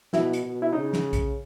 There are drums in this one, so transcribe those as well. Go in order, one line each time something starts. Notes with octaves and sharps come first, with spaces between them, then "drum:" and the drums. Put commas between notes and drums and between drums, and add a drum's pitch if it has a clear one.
B2 E4, drum: snare
drum: hi-hat
B2
E4
C#3 D#4
drum: snare
drum: kick, hi-hat